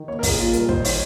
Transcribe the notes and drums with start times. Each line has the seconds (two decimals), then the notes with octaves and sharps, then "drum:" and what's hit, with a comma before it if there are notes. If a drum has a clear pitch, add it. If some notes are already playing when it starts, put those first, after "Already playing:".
Already playing: D#3
0.08 A#3 C#5
0.19 A#4
0.23 A#2, drum: kick, open hi-hat
0.28 G#4
0.39 A#2 F4
0.53 G3 A#4, drum: hi-hat
0.69 D#3 C5, drum: kick
0.85 D#3 C#5, drum: open hi-hat